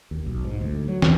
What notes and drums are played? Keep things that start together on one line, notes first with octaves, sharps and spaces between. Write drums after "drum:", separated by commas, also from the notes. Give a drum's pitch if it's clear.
D#2
B1
G#2
D2
F#3
D#2, drum: snare